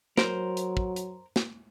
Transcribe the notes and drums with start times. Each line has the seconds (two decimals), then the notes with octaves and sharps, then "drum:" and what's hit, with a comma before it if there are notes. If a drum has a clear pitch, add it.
0.17 F#3 A#4 C5, drum: snare
0.57 drum: hi-hat
0.77 drum: kick
0.96 drum: hi-hat
1.36 drum: snare